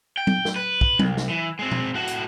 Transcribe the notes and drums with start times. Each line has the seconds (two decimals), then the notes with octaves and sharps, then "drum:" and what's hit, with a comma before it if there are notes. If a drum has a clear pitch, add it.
0.17 G5
0.27 drum: tom F#3
0.45 drum: snare
0.56 B4
0.81 drum: kick
0.99 C2, drum: tom F#3
1.17 drum: snare
1.29 E3
1.59 G#3 C4
1.71 drum: tom
1.94 A2 F#4
2.08 drum: hi-hat